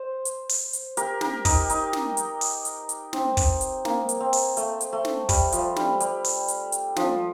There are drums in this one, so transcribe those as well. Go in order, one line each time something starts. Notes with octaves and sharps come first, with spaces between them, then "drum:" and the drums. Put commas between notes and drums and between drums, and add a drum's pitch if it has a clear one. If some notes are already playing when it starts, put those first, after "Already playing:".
Already playing: C5
drum: hi-hat
drum: open hi-hat
drum: hi-hat
G4 A#4, drum: hi-hat
G4 A#4, drum: snare
D#4 G4, drum: kick, open hi-hat
D#4, drum: hi-hat
drum: snare
drum: hi-hat
drum: open hi-hat
drum: hi-hat
drum: hi-hat
C4, drum: snare
drum: kick, open hi-hat
drum: hi-hat
A#3, drum: snare
drum: hi-hat
C4
drum: open hi-hat
A3, drum: hi-hat
drum: hi-hat
A3
drum: snare
G3, drum: kick, open hi-hat
F3, drum: hi-hat
G3, drum: snare
G3, drum: hi-hat
drum: open hi-hat
drum: hi-hat
drum: hi-hat
F3, drum: snare